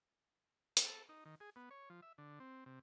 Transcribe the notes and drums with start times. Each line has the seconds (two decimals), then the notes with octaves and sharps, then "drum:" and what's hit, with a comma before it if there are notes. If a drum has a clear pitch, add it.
0.77 drum: hi-hat
0.86 A4
1.09 D#4
1.25 D#3
1.40 G#4
1.56 B3
1.71 C#5
1.90 F3
2.02 E5
2.18 D3
2.40 C4
2.66 C3